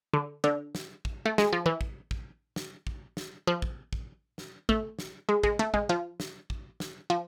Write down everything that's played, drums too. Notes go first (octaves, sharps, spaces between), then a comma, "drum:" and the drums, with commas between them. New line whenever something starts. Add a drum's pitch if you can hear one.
D3
D3
drum: snare
drum: kick
A3
G#3, drum: snare
F3
E3
drum: kick
drum: kick
drum: snare
drum: kick
drum: snare
F3
drum: kick
drum: kick
drum: snare
A3, drum: kick
drum: snare
G#3
G#3, drum: kick
A3
G#3, drum: kick
F3
drum: snare
drum: kick
drum: snare
F3